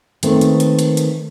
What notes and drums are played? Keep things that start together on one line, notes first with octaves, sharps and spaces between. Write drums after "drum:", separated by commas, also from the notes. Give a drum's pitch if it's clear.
D#3 A3 A#3 C4 B4, drum: hi-hat
drum: hi-hat
drum: hi-hat
drum: hi-hat
drum: hi-hat